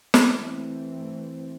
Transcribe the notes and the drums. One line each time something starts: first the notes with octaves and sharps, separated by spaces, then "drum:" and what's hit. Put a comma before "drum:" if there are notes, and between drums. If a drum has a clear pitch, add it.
drum: snare
E3 A3 C4